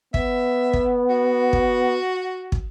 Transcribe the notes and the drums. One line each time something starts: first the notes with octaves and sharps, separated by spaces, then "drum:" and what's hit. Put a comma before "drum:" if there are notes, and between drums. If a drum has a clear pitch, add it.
B3 E5, drum: kick
drum: kick
F#4
drum: kick
drum: kick